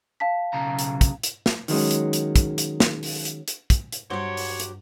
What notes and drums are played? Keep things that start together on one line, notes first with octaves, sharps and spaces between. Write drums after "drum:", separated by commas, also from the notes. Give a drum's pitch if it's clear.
F5 A5 B6
B1 C#3 A#5
drum: hi-hat
drum: kick, hi-hat
drum: hi-hat
drum: snare
D#3 F#3 G#3 C#4, drum: open hi-hat
drum: hi-hat
drum: hi-hat
drum: kick, hi-hat
drum: hi-hat
drum: snare
drum: open hi-hat
drum: hi-hat
drum: hi-hat
drum: kick, hi-hat
drum: hi-hat
G2 F#3 G4 C5 C#5 F#5 D6 C#7
drum: open hi-hat
drum: hi-hat